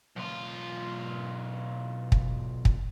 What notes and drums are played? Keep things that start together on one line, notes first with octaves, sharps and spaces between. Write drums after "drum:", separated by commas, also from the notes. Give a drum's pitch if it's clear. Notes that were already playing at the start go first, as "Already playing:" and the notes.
B1 F4
drum: kick
drum: kick